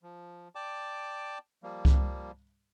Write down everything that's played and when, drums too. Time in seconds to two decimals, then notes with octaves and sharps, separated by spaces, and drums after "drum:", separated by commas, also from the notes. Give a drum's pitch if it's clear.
0.03 F3
0.55 D5 G5 A5 D6
1.63 F3 G3 A#3
1.85 drum: kick C2